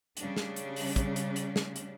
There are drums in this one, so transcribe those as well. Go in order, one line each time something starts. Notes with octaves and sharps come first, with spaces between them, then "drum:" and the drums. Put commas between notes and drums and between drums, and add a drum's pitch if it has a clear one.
C#3 G3 D4, drum: hi-hat
drum: snare
drum: hi-hat
drum: open hi-hat
drum: kick, hi-hat
drum: hi-hat
drum: hi-hat
drum: snare
drum: hi-hat